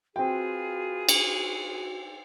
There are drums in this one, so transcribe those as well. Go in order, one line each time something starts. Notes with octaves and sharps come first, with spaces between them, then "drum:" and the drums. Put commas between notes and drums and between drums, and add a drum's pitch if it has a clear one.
C4 F4 F#4 G#4 B4 G5
drum: cymbal